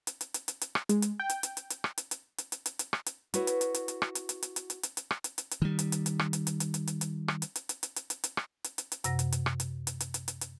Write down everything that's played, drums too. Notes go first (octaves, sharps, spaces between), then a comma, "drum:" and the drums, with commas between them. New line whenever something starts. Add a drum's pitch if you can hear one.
drum: hi-hat
drum: hi-hat
drum: hi-hat
drum: hi-hat
drum: hi-hat
drum: rim click
G#3, drum: hi-hat
drum: hi-hat
G5
drum: hi-hat
drum: hi-hat
drum: hi-hat
drum: hi-hat
drum: rim click
drum: hi-hat
drum: hi-hat
drum: hi-hat
drum: hi-hat
drum: hi-hat
drum: hi-hat
drum: rim click
drum: hi-hat
E4 F#4 B4 C#5, drum: hi-hat
drum: hi-hat
drum: hi-hat
drum: hi-hat
drum: hi-hat
drum: rim click
drum: hi-hat
drum: hi-hat
drum: hi-hat
drum: hi-hat
drum: hi-hat
drum: hi-hat
drum: hi-hat
drum: rim click
drum: hi-hat
drum: hi-hat
drum: hi-hat
D#3 G3
drum: hi-hat
drum: hi-hat
drum: hi-hat
drum: rim click
drum: hi-hat
drum: hi-hat
drum: hi-hat
drum: hi-hat
drum: hi-hat
drum: hi-hat
drum: rim click
drum: hi-hat
drum: hi-hat
drum: hi-hat
drum: hi-hat
drum: hi-hat
drum: hi-hat
drum: hi-hat
drum: rim click
drum: hi-hat
drum: hi-hat
drum: hi-hat
F#2 C3 F#5 A#6, drum: hi-hat
drum: hi-hat
drum: hi-hat
drum: rim click
drum: hi-hat
drum: hi-hat
drum: hi-hat
drum: hi-hat
drum: hi-hat
drum: hi-hat